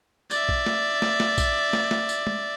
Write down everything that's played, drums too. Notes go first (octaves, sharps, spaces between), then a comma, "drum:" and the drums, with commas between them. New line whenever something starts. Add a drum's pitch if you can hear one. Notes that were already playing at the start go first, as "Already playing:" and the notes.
D5 E5, drum: tambourine
drum: kick A#1
drum: snare
drum: snare
drum: snare
drum: kick A#1, tambourine
drum: snare
drum: snare
drum: tambourine
drum: tom